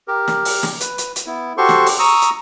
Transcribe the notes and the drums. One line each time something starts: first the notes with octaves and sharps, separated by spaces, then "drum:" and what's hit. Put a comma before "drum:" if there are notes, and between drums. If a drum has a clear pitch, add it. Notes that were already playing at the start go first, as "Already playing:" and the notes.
G4 A#4
drum: snare
drum: open hi-hat
drum: snare
B4, drum: hi-hat
drum: hi-hat
drum: hi-hat
B3 E4
F#4 G4 A4 C5 C6 C#6
drum: snare
drum: open hi-hat
A#5 C#6 D#6 E6
drum: hi-hat